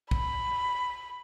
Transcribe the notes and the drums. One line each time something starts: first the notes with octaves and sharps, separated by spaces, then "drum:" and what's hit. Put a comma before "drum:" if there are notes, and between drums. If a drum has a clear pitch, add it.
B5, drum: kick